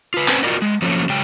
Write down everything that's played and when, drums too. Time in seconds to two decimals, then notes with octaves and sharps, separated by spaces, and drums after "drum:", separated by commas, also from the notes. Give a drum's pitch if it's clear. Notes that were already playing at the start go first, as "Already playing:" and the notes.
0.14 F4 B4
0.28 C4 C#4 B4 C5 G5 G#5, drum: clap
0.43 F4 F#4 A#4 D5 D#5
0.62 G#3
0.82 F3 F#3 A3 A#3 C#4
1.09 C#3 F#3 G#3 G5